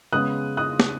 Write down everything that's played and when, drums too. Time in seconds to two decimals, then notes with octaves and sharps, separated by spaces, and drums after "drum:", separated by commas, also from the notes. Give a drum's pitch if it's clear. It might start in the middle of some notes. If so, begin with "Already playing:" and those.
0.13 C#3 G#3 B3 D#6 F#6
0.57 D#6 F#6
0.80 drum: snare